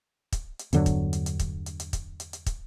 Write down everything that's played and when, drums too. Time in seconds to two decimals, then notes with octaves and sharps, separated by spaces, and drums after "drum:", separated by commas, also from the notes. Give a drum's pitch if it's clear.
0.32 drum: kick, hi-hat
0.59 drum: hi-hat
0.73 E2 G2 D3 F#3, drum: hi-hat
0.86 drum: kick, hi-hat
1.13 drum: hi-hat
1.26 drum: hi-hat
1.39 drum: kick, hi-hat
1.66 drum: hi-hat
1.80 drum: hi-hat
1.93 drum: kick, hi-hat
2.20 drum: hi-hat
2.33 drum: hi-hat
2.46 drum: kick, hi-hat